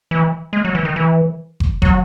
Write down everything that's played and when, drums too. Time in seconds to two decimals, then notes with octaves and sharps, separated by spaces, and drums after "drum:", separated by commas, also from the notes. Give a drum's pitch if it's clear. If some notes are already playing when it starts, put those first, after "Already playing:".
0.11 E3
0.53 G#3
0.65 F#3
0.75 E3
0.85 D#3
0.96 E3
1.60 drum: kick
1.82 F#3, drum: kick